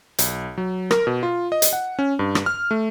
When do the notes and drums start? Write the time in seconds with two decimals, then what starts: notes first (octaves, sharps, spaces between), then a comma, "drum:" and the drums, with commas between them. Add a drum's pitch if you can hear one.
0.19 B1, drum: hi-hat
0.58 F#3
0.91 A#4, drum: rim click
1.07 B2
1.23 F4
1.52 D#5
1.62 drum: hi-hat
1.73 F#5
1.99 C#4
2.19 G2
2.35 drum: rim click
2.46 F6
2.71 A3